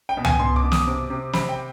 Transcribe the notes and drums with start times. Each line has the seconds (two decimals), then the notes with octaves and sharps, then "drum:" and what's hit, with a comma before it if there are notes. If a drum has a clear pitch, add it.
0.09 G5
0.17 B2
0.25 G#5, drum: tom C#2
0.40 B2 C6
0.56 D6
0.64 B2
0.72 D#6, drum: snare
0.87 C3 D6
1.10 C3
1.33 C3 B5, drum: snare
1.49 G5